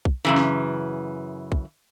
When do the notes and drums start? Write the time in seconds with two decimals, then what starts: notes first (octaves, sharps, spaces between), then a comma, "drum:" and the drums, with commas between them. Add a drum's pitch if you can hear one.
0.05 drum: kick
0.25 F#2 C#3 E3
0.37 drum: snare
1.52 drum: kick